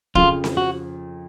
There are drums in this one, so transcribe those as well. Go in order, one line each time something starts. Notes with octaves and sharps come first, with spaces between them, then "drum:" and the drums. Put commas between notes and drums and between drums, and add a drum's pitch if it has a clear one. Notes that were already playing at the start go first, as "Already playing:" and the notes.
F2 C#3 F3 F4, drum: kick
drum: snare C4
F#4